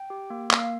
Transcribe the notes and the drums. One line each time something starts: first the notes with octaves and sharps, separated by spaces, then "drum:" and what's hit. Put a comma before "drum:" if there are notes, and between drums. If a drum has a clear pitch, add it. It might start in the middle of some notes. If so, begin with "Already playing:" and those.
Already playing: G5
G4
A#3
A#3 F5, drum: clap